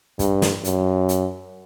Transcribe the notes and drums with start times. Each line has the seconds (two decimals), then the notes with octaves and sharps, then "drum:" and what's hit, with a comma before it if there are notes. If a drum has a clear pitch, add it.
0.19 G2, drum: kick, hi-hat
0.42 drum: snare
0.64 F#2, drum: hi-hat
1.09 drum: hi-hat